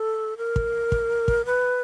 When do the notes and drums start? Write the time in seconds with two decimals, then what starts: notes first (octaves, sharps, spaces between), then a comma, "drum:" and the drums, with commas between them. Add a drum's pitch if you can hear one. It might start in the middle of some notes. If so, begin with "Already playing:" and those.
Already playing: A4
0.38 A#4
0.56 drum: kick
0.92 drum: kick
1.28 drum: kick
1.46 B4